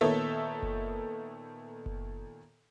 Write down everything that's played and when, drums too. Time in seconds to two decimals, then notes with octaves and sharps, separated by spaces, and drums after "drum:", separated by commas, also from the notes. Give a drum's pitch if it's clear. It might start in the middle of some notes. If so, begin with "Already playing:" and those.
0.01 A#2 D#3 B3 A4 C#5 E5
0.63 drum: kick F#1
1.86 drum: kick F#1